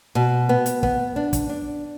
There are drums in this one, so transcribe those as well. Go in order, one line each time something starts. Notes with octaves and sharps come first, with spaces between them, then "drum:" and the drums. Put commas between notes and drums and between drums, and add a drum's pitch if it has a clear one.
B2
B3
drum: hi-hat
B3, drum: kick
D4
drum: kick, hi-hat
D4